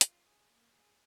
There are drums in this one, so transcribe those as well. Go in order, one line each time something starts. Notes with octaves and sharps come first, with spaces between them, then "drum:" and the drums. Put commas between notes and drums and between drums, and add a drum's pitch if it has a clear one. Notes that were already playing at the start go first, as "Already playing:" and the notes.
F4, drum: hi-hat
G#4
A#3
G#4